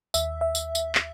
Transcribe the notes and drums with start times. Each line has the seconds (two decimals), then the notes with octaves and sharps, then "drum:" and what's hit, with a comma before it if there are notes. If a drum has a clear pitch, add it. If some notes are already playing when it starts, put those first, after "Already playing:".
0.14 D#2 E5, drum: tambourine
0.41 E5
0.55 drum: tambourine
0.75 drum: tambourine
0.95 drum: clap